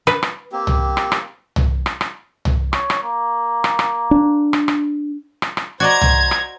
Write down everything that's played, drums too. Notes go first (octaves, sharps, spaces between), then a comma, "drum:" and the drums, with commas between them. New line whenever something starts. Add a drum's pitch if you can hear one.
B4, drum: rim click
drum: rim click
A#3 C4 G4
drum: tom C2
drum: rim click
drum: rim click
drum: tom C2
drum: rim click
drum: rim click
drum: tom C2
C#5, drum: rim click
drum: rim click
A#3
drum: rim click
drum: rim click
D4
drum: rim click
drum: rim click
drum: rim click
drum: rim click
F#4 C5 D5 D#5 A#5 G#6
drum: tom C2
drum: rim click